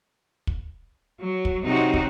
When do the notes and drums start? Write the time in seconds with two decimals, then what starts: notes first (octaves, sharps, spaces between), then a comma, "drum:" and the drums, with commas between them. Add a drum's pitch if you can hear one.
0.47 drum: kick
1.21 F#3
1.45 drum: kick
1.65 C3 F#3 C4 D#4 F#4
1.94 drum: kick